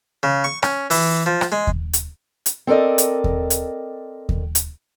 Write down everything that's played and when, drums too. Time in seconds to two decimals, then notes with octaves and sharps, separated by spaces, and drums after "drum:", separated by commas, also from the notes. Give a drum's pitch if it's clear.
0.23 C#3
0.44 C#6
0.63 C#4, drum: rim click
0.90 E3, drum: open hi-hat
1.26 F3
1.41 drum: rim click
1.52 G#3
1.67 drum: kick D#2
1.93 drum: hi-hat
2.46 drum: hi-hat
2.67 C4 A4 A#4 D5 D#5
2.98 drum: hi-hat
3.24 drum: kick D#2
3.50 drum: hi-hat
4.29 drum: kick D#2
4.55 drum: hi-hat